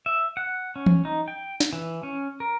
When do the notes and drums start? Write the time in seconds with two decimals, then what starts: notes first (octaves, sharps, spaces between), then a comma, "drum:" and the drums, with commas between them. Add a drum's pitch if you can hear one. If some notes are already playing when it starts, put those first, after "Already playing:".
0.06 E5
0.37 F#5
0.76 C#4
0.86 drum: tom E3
1.05 D#4
1.28 G5
1.60 drum: snare
1.73 E3
2.03 C#4
2.40 A#4